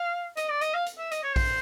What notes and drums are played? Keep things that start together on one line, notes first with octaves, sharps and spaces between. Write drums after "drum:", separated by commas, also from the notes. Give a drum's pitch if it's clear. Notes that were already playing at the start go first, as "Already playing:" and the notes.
Already playing: F5
D#5, drum: hi-hat
D5
D#5, drum: hi-hat
F5
drum: hi-hat
E5
D#5, drum: hi-hat
C#5
C5, drum: kick A#1, open hi-hat